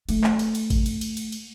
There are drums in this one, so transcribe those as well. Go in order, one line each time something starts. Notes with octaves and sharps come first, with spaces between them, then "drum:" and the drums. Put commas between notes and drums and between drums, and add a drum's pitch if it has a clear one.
A3, drum: cymbal
drum: clap
drum: cymbal
drum: cymbal
drum: kick A1, cymbal
drum: cymbal
drum: cymbal
drum: cymbal
drum: cymbal